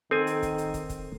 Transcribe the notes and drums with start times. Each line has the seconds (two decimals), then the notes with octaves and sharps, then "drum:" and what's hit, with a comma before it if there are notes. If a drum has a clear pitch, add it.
0.11 D#3 C4 A4 G#5
0.27 drum: hi-hat
0.43 drum: kick, hi-hat
0.58 drum: hi-hat
0.74 drum: kick, hi-hat
0.89 drum: kick, hi-hat